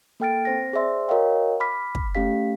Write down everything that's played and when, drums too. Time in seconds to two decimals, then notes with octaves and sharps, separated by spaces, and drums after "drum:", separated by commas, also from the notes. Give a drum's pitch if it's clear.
0.20 A#3 A4 G5 F6 A6 D7
0.45 C4 C5 A#6
0.73 G#4 C5 D5 E5 C6
1.08 F#4 A#4 C#5 D#5 F5 G5
1.60 B5 D6 F6 B6
1.95 drum: kick
2.15 A3 C#4 G4 F5 B6